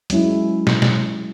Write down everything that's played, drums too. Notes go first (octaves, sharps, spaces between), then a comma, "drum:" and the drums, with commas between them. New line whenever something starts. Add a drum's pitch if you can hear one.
F#3 G#3 C#4 E4, drum: hi-hat
drum: snare
drum: snare